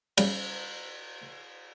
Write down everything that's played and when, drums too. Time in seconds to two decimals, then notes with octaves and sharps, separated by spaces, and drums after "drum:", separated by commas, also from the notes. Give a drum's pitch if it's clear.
0.18 C#3 F#3 G3, drum: cymbal